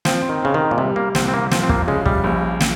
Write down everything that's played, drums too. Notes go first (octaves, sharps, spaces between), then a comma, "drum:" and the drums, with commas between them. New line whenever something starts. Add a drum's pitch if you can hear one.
F3 C4, drum: snare
D#3
C#3 C4
D#3
A#2
C3 G3
A#3
C2 C4, drum: snare
C4
A#3
F3 C4, drum: snare
C4
A#3, drum: kick
C#3 G#3
G3, drum: kick
A#1
drum: snare